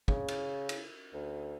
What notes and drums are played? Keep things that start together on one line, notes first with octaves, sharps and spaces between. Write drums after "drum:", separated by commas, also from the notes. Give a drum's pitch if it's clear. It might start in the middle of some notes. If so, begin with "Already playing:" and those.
C#3, drum: kick
drum: cymbal
drum: cymbal
D2